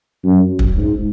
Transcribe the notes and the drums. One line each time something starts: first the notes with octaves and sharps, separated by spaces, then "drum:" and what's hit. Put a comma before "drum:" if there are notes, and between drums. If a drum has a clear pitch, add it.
F#2
drum: kick
G#2